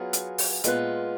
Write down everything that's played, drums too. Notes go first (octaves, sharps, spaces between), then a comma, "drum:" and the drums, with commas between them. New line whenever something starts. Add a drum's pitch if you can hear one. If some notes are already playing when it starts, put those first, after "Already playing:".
Already playing: F#3 B3 F4 G#4
drum: hi-hat
drum: open hi-hat
A#2 G#3 B3 F4 B4, drum: hi-hat